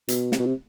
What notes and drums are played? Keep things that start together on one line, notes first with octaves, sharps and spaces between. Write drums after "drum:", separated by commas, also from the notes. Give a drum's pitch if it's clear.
B2, drum: hi-hat
C3, drum: snare
B2
C3